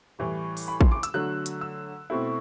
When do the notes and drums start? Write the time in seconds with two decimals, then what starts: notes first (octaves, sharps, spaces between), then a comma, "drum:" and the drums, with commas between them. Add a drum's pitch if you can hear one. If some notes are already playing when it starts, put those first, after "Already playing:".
0.19 A2 E3 G3
0.57 drum: open hi-hat
0.68 B5
0.81 C6, drum: kick A1
0.91 D6
1.03 E6, drum: hi-hat
1.14 D3 F#3 A3 F#6
1.46 drum: hi-hat
1.61 E6
2.10 B2 A3 C4 E4